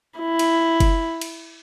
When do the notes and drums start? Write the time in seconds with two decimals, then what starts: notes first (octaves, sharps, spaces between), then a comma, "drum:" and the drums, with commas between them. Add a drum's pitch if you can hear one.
0.19 E4
0.39 drum: cymbal
0.80 drum: kick F#1, cymbal
1.21 drum: cymbal